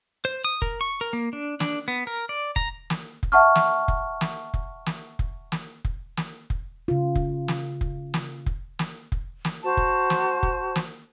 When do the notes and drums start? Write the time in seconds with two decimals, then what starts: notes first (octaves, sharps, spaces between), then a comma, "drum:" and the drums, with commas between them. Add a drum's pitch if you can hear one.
0.25 C5
0.45 D#6
0.62 A#4, drum: kick F1
0.81 C#6
1.01 A#4
1.13 A#3
1.33 D4
1.60 D4, drum: snare
1.88 B3
2.07 A#4
2.29 D5
2.56 A#5, drum: kick F1
2.90 drum: snare
3.23 drum: kick F1
3.32 E5 F#5 A5 C#6 F6
3.55 drum: snare
3.88 drum: kick F1
4.21 drum: snare
4.54 drum: kick F1
4.86 drum: snare
5.19 drum: kick F1
5.52 drum: snare
5.85 drum: kick F1
6.17 drum: snare
6.50 drum: kick F1
6.88 C#3 F4
7.15 drum: kick F1
7.48 drum: snare
7.81 drum: kick F1
8.14 drum: snare
8.46 drum: kick F1
8.79 drum: snare
9.12 drum: kick F1
9.45 drum: snare
9.63 F#4 C5 A5
9.77 drum: kick F1
10.10 drum: snare
10.43 drum: kick F1
10.75 drum: snare